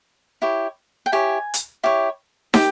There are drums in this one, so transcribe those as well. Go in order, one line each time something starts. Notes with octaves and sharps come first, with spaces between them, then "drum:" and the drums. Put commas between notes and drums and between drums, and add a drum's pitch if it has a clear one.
E4 G4 C#5
G5
E4 G4 C#5 G#5
drum: hi-hat
E4 G4 C#5
G4 G5, drum: snare